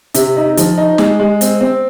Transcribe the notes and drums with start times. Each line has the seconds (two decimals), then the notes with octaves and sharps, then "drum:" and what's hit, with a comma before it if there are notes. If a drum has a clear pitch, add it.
0.14 C3, drum: hi-hat
0.37 D#4
0.57 F3, drum: hi-hat
0.77 D#4
0.98 G#3, drum: snare
1.20 G#3
1.41 C4, drum: hi-hat
1.61 C4